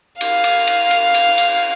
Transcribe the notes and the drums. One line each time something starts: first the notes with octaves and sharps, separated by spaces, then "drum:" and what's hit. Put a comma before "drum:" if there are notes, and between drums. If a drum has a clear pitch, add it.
F5, drum: cymbal
drum: cymbal
drum: cymbal
drum: cymbal
drum: cymbal
drum: cymbal